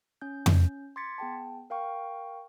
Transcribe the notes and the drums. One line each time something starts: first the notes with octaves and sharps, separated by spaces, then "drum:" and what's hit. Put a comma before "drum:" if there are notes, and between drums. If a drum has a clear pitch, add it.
C#4 G6
drum: tom F2
C6 D6 G#6 A6 B6 C#7
B3 G#4 G5 A5
A#4 F5 G5 C#6